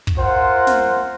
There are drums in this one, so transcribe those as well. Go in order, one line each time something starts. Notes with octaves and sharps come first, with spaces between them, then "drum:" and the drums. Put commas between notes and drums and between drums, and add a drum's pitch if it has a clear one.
drum: kick
F4 A#4 C5 F#5
drum: snare